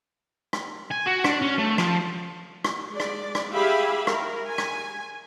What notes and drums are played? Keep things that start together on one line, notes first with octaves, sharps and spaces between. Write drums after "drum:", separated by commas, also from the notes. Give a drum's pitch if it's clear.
drum: rim click
G#5
F#4
D4, drum: rim click
C#4
A3
F3, drum: rim click
drum: rim click
G#3 D5
drum: rim click
drum: rim click
E4 G4 G#4 E5 F5 B5
A#4, drum: rim click
G#5
drum: rim click